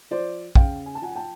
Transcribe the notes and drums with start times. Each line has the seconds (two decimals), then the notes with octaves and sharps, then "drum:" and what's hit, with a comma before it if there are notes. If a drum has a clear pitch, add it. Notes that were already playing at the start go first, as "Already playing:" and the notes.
0.11 F3 C5 D5
0.55 C#3 F5 G5, drum: kick
0.86 G#5
0.95 A5
1.01 F3 F#5 G#5
1.12 G#5
1.15 G5 A5